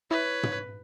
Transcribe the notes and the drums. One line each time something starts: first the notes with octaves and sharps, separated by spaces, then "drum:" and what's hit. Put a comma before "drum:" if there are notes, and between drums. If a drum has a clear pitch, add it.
E4 B4 C#5
drum: tom